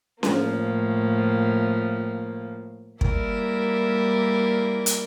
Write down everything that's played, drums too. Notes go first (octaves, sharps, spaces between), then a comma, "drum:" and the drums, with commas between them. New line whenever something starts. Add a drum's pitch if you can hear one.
A2 F3 A#3, drum: snare C#4
G3 A#3 E4 A#4 D5, drum: kick
drum: hi-hat